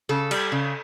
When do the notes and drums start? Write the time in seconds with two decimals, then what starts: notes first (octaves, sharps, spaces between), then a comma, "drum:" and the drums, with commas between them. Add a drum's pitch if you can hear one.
0.09 C#3 A4
0.31 G3, drum: cymbal
0.52 C#3